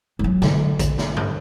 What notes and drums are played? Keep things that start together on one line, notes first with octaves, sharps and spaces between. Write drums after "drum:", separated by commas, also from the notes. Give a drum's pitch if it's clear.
F3
F#3
D3, drum: snare
drum: kick, hi-hat
drum: snare
drum: tom G2